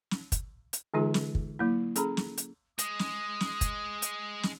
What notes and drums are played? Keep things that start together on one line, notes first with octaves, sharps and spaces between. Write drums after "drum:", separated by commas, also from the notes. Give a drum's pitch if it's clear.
drum: snare
drum: kick, hi-hat
drum: hi-hat
D3 E3 G#3 D#4 F4 G#4
drum: snare
drum: kick
F#3 A#3 E4
C#4 G#4 A4 A#5 B5, drum: hi-hat
drum: snare
drum: hi-hat
G#3 D#6, drum: hi-hat
drum: snare
drum: snare
drum: kick, hi-hat
drum: hi-hat
drum: snare